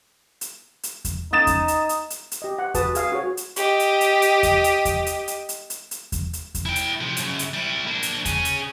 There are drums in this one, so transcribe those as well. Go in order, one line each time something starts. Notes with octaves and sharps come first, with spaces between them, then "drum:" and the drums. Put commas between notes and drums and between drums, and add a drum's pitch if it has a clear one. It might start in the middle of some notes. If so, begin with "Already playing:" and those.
drum: hi-hat
drum: hi-hat
drum: kick E2, hi-hat
D#4 D#6 A6 E7
drum: kick E2, hi-hat
drum: hi-hat
drum: hi-hat
drum: hi-hat
drum: hi-hat
G4 D#5
F#5
F#4 G#4 B4 A5 D#6, drum: kick E2, hi-hat
G#4 F5, drum: hi-hat
F#4 G#4 C#5
drum: hi-hat
G4 D#5, drum: hi-hat
drum: hi-hat
drum: hi-hat
drum: hi-hat
drum: kick E2, hi-hat
drum: hi-hat
drum: kick E2, hi-hat
drum: hi-hat
drum: hi-hat
drum: hi-hat
drum: hi-hat
drum: hi-hat
drum: kick E2, hi-hat
drum: hi-hat
drum: kick E2, hi-hat
E4 G5
drum: hi-hat
C3 F3
F#2 C#3, drum: hi-hat
drum: hi-hat
G3 E4
A#3 D4
drum: hi-hat
C#4 G#4, drum: kick E2, hi-hat
drum: hi-hat